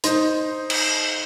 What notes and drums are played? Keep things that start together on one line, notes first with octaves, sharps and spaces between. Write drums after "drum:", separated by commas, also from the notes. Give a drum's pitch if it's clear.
D#4 C5, drum: hi-hat
drum: cymbal